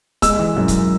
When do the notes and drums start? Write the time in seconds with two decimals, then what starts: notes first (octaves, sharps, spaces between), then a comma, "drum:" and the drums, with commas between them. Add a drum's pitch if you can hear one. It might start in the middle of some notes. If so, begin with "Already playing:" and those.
0.22 G#3 E6, drum: kick C#1, hi-hat
0.39 E3
0.57 F#2
0.68 drum: kick C#1, hi-hat